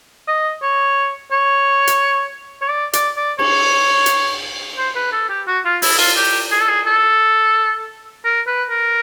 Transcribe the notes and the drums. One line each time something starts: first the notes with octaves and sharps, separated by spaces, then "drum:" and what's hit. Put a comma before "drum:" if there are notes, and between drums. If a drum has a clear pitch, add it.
D#5
C#5
C#5
drum: hi-hat
C#5
D5
D5, drum: hi-hat
D5
C#5, drum: cymbal
drum: hi-hat
C5
B4
A4
G4
F#4
F4
E4, drum: open hi-hat
F4, drum: cymbal
G4
G#4
A4
G#4
A4
A#4
B4
A#4